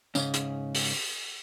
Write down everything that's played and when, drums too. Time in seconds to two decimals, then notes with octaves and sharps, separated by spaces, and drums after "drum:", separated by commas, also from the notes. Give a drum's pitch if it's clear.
0.15 G#2 C#3 C#4, drum: tambourine
0.34 drum: hi-hat
0.75 drum: open hi-hat